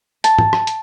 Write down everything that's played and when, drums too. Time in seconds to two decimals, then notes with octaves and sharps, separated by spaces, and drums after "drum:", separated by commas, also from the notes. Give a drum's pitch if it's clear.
0.24 A5, drum: hi-hat
0.38 drum: tom G#2
0.53 drum: rim click
0.67 drum: hi-hat